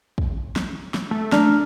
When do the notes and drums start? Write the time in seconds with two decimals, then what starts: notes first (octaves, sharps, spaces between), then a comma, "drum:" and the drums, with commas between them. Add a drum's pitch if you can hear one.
0.18 drum: kick
0.56 drum: snare
0.94 drum: snare
1.11 A3
1.32 D4 A#5 F6, drum: snare